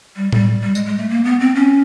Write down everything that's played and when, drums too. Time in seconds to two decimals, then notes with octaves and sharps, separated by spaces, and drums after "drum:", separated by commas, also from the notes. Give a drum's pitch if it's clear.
0.16 G3
0.32 G3, drum: tom A2
0.63 G3
0.75 G#3, drum: tambourine
0.86 G#3
0.98 A3
1.10 A#3
1.25 B3
1.40 C4
1.55 C#4